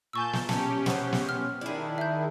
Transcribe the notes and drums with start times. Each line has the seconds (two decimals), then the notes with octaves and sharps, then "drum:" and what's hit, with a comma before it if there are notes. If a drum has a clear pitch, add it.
0.13 A#2 G#5 A5 C#6 E6 G6
0.33 drum: snare
0.49 C#4 G4 A4 A#4, drum: snare
0.86 B3 C5, drum: snare
1.13 drum: snare
1.29 F6
1.61 D#3 D4 E4 G#4
1.98 E5 G6